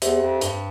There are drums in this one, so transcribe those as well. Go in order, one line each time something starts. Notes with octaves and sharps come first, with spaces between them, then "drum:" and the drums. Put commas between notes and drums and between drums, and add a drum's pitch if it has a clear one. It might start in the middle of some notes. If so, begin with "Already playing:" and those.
E2 G4 C5 E5, drum: hi-hat
F2
G2, drum: hi-hat